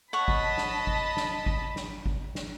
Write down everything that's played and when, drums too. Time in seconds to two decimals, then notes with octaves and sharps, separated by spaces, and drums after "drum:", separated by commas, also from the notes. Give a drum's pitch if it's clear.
0.13 C#5 D#5 F#5 A5 B5
0.28 drum: kick G#1
0.58 drum: snare
0.87 drum: kick G#1
1.17 drum: snare
1.46 drum: kick G#1
1.76 drum: snare
2.06 drum: kick G#1
2.35 drum: snare